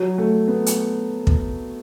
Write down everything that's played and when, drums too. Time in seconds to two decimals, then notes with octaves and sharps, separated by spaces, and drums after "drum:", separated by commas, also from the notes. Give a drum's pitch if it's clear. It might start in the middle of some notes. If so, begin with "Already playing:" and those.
Already playing: F#3
0.18 A3
0.48 B3
0.66 drum: hi-hat
1.27 drum: kick